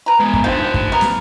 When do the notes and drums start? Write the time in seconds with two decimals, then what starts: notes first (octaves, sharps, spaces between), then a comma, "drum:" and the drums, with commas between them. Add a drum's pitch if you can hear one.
0.06 B4 A#5
0.20 G#3 B3
0.33 drum: kick
0.44 D3 D#3 F3 G4 F5
0.74 drum: kick
0.92 B3 A#4
1.01 drum: snare